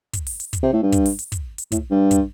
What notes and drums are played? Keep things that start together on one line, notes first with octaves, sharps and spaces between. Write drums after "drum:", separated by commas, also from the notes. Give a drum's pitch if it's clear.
drum: kick, hi-hat
drum: open hi-hat
drum: hi-hat
drum: kick, hi-hat
C3
A2
G2
drum: kick, hi-hat
drum: open hi-hat
drum: hi-hat
drum: kick, hi-hat
drum: hi-hat
A2, drum: kick, hi-hat
G2
drum: kick, hi-hat